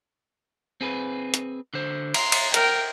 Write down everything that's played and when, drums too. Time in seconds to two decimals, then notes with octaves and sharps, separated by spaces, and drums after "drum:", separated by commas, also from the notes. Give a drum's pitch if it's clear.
0.81 C4 G#4 B4
1.34 drum: hi-hat
1.74 D3 C5
2.14 A#5 C6, drum: cymbal
2.32 drum: cymbal
2.54 A#4 G5, drum: hi-hat